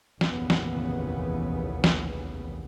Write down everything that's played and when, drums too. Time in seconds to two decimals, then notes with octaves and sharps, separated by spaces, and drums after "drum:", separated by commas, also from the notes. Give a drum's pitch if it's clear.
0.21 F1 A#1 D#2 C#3 E3 B3, drum: snare
0.50 drum: snare
1.84 drum: snare